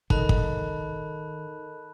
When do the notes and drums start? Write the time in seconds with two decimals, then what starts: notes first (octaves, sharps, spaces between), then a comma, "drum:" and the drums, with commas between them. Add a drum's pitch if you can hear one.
0.10 D#3 A4 A#4 D#5 A5 B5 F#6, drum: kick
0.29 drum: kick